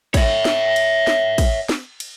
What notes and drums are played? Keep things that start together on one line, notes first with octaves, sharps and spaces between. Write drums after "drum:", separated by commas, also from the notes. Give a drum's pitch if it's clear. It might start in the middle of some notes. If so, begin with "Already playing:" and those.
C#5 E5, drum: kick, cymbal
drum: snare
drum: cymbal
drum: snare
drum: kick, cymbal
drum: snare
drum: cymbal